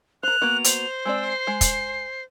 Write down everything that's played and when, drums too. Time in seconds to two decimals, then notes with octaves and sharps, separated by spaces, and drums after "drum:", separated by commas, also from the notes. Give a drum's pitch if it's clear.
0.23 A#4 C5 F#6 F7
0.42 A#3 B3 F#4
0.64 C5, drum: hi-hat
1.05 G#3 C4 D5 E6
1.28 C7
1.47 G#3
1.61 drum: kick, hi-hat